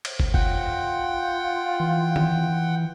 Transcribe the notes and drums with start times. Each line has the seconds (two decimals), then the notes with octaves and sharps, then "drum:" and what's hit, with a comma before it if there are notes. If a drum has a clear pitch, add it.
0.05 drum: cymbal
0.20 drum: kick
0.34 F4 F#5 G5, drum: kick
1.80 E3
2.16 drum: tom D#3